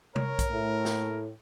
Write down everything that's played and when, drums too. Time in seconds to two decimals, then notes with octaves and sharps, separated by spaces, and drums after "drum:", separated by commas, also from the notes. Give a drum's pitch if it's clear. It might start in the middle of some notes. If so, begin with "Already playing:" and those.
0.16 A#4 C#5, drum: tom
0.39 drum: kick B1, hi-hat
0.51 A2
0.85 drum: snare